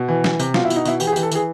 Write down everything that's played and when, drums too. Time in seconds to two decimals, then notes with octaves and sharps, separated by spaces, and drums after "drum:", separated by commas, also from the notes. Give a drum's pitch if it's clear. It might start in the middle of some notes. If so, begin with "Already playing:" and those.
Already playing: B2
0.08 E3
0.24 E3, drum: snare
0.39 C3, drum: tambourine
0.54 B2 F4, drum: snare
0.65 E4
0.70 B2, drum: tambourine
0.76 D#4
0.85 B2 E4, drum: tambourine
1.00 E3 G4, drum: tambourine
1.07 G#4
1.13 G4
1.16 E3, drum: tambourine
1.23 A4
1.31 E3 G#4, drum: tambourine